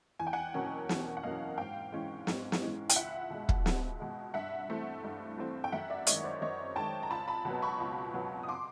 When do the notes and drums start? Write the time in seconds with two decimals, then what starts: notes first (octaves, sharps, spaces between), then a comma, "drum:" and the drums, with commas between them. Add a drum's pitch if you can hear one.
0.19 E2 G#5
0.27 G5
0.33 F#5 G#5
0.54 B2 F#3 A#3 C#4
0.89 E2, drum: snare
1.17 F#5
1.23 B2 F#3 A#3 C#4 D#5 F5
1.58 G#2 F5 G5
1.92 E3 G#3 C#4
2.27 G#2, drum: snare
2.52 drum: snare
2.61 E3 G#3 C#4
2.89 G5, drum: hi-hat
2.96 C#2 E5 F#5
3.30 B2 G#3
3.49 drum: kick
3.66 C#2, drum: snare
3.99 B2 G#3
4.34 G2 E5 F#5
4.68 E3 A3 C4
5.04 G2
5.38 E3 A3 C4
5.64 G5
5.72 F#2 E5 F#5
5.90 D5 E5
6.07 D#3 G#3 C#5 D#5, drum: hi-hat
6.24 C5 D5
6.42 F#2 C#5 D#5
6.76 D#3 G#3 G5 A5
7.03 A#5
7.10 C#2 A5 B5
7.28 A5 B5
7.45 B2 F#3 B3
7.62 B5 C#6
7.80 C#2
8.14 B2 F#3 B3
8.43 D#6
8.49 C6 D6